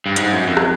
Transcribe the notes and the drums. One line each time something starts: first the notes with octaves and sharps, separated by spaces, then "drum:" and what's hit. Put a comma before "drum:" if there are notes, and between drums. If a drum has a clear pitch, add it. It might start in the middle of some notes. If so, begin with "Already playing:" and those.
G2
G#2, drum: hi-hat
F#2
F2
drum: rim click